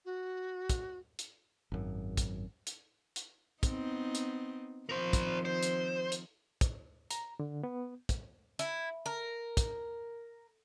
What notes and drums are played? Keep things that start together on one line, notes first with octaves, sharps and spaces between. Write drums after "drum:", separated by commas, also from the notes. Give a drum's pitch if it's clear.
F#4
drum: kick, hi-hat
drum: hi-hat
G#1 F#2
drum: kick, hi-hat
drum: hi-hat
drum: hi-hat
B3 C4 D#4, drum: kick, hi-hat
drum: hi-hat
D#3 F3 C4 A#4 C5
drum: kick, hi-hat
C5
drum: hi-hat
drum: hi-hat
drum: kick, hi-hat
A#5, drum: hi-hat
D3
B3
drum: kick, hi-hat
E4, drum: hi-hat
A#4
drum: kick, hi-hat